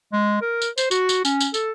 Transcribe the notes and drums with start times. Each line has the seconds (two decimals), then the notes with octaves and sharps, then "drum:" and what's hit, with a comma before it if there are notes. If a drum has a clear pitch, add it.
0.13 G#3
0.42 A#4
0.62 drum: tambourine
0.78 C5, drum: tambourine
0.91 F#4, drum: tambourine
1.09 drum: tambourine
1.25 C#4, drum: tambourine
1.41 drum: tambourine
1.54 A4, drum: tambourine